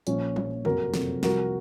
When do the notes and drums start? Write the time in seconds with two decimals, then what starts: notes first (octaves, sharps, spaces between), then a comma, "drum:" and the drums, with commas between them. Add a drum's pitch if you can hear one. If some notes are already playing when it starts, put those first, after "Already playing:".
0.07 A#1 A#2 F3 C#4, drum: hi-hat
0.36 A#1 A#2 F3, drum: tom E3
0.65 F#1 F2 C3 F#3 F#4 A#4, drum: tom C3
0.94 F#1 F2 C3 F#3, drum: snare
1.23 C2 C3 F3 F#4 A#4, drum: snare